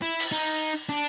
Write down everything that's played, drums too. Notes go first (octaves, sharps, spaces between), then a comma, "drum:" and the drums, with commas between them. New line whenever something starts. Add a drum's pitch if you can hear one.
E4
drum: cymbal
D#4
D4